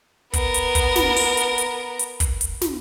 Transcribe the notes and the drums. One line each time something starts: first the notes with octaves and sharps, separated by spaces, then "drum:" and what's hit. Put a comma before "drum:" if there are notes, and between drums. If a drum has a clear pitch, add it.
B3 A#4, drum: kick, hi-hat
drum: hi-hat
drum: kick, hi-hat
drum: snare
drum: open hi-hat
drum: hi-hat
drum: hi-hat
drum: hi-hat
drum: kick, hi-hat
drum: hi-hat
drum: snare